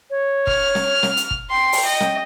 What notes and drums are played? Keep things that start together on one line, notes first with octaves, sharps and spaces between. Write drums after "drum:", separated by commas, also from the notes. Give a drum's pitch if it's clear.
C#5
F6, drum: kick
drum: snare
drum: snare
drum: hi-hat
drum: kick
G5 C6
drum: open hi-hat
D#5
drum: snare